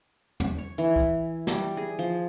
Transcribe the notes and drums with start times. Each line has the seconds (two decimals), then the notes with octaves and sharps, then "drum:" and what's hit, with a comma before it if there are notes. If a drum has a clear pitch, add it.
0.40 drum: tom
0.58 C#5
0.78 E3
0.96 drum: kick
1.47 G3, drum: snare
1.77 G#4
1.99 F3